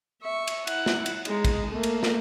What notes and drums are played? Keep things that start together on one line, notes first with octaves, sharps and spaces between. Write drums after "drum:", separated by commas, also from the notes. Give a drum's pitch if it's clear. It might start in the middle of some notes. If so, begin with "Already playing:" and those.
E5 C#6
drum: cymbal
E4 F#5, drum: cymbal
drum: snare
drum: cymbal
G#3 D#4, drum: cymbal
drum: kick, cymbal
A3 A#3
drum: cymbal
drum: snare